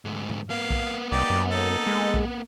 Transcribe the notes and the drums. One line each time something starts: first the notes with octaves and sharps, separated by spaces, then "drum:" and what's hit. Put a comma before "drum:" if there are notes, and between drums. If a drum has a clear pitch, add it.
D2 G#2
drum: tom G#2
A#3 B3 F5
drum: kick B1
C2 D#4 G4 D5
F#2
D#4 A4
G#3
drum: kick B1